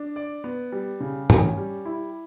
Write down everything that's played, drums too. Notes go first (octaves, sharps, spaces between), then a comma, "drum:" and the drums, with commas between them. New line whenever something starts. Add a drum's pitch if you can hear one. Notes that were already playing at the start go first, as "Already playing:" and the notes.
Already playing: D4
D5
B3
G3
C#3
C#4, drum: tom
G3
E4